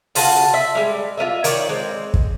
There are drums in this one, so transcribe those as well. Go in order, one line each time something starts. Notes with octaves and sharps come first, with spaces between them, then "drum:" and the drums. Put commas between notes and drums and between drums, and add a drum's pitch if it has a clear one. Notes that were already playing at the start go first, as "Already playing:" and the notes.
C#3 F4 F#4 A5, drum: open hi-hat
E5
G3 G#3
F4 A#4 D#5 E5
D#3 C#5 D5, drum: hi-hat
G#3 C4
drum: kick